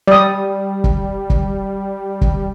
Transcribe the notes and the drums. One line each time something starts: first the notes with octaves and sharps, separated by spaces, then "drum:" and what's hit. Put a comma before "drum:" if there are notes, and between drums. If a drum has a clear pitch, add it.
G3 D5 D#6
drum: kick
drum: kick
drum: kick